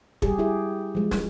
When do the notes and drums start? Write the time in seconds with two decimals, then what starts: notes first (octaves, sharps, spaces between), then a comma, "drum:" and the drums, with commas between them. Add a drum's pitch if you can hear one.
0.22 G3 G4 G#4, drum: kick
0.39 E4 G4 G#4
0.95 F3 G#3
1.11 drum: snare